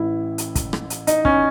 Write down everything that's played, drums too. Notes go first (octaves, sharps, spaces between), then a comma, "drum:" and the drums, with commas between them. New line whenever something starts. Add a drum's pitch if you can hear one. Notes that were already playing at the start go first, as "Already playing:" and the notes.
Already playing: A1 A2 E3 E4
drum: hi-hat
drum: kick, hi-hat
drum: rim click
drum: hi-hat
D#4, drum: hi-hat
C#4, drum: kick